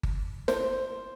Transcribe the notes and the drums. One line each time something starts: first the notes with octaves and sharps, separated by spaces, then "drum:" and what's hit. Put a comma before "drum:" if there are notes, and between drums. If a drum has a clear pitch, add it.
drum: kick G1
C5, drum: snare